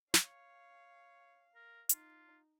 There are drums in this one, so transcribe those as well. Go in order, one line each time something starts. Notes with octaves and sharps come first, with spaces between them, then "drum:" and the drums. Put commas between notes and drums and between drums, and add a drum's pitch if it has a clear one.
C#5 F5, drum: snare
A#4
D#4 F4, drum: hi-hat